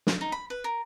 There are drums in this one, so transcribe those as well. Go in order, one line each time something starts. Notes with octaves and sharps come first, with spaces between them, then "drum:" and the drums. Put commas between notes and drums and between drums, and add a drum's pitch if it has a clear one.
drum: snare
D#4
B5
B4
A#4